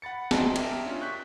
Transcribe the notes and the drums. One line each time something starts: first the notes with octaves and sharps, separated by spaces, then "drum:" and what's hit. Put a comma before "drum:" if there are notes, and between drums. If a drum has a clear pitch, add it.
F#5 B5 A6 C#7
D#5 E5 A5 A#5 C6, drum: snare
G4 A#4 E5, drum: cymbal
C#4 D4 F4
C#6 F#6 G6 B6